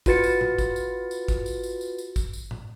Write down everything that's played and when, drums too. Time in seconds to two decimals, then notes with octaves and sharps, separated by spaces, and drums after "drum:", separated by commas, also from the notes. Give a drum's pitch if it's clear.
0.06 F4 F#4 B4 A6 C#7, drum: kick, tambourine
0.24 drum: tambourine
0.41 drum: tom
0.58 drum: kick, tambourine
0.76 drum: tambourine
1.11 drum: tambourine
1.28 drum: kick, tambourine
1.46 drum: tambourine
1.63 drum: tambourine
1.81 drum: tambourine
1.98 drum: tambourine
2.16 drum: kick, tambourine
2.33 drum: tambourine
2.51 drum: tom